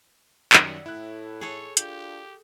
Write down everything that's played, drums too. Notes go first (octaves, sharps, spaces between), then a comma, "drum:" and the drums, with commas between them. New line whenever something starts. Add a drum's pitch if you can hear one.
F#2 D#3 G3 D#5 E5 F#5, drum: clap
A2 E4 F#6
G#4 A4 C#5
D4 F4 G4 G6, drum: hi-hat